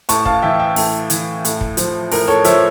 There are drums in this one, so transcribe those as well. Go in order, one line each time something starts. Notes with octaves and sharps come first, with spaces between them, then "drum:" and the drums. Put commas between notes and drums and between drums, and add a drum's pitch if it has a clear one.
A2 A5 C#6, drum: hi-hat
F5 A5, drum: kick
E3 E5 G5
E5 G5
A2 A4, drum: open hi-hat
E3, drum: hi-hat
A2, drum: hi-hat
drum: kick
F3, drum: hi-hat
A2 A#4, drum: open hi-hat
A4 C#5
F3 C#5 E5, drum: hi-hat